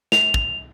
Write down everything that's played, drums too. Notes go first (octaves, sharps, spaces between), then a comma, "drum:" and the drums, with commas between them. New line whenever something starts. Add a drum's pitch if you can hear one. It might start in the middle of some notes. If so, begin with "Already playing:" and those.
F7, drum: snare
drum: kick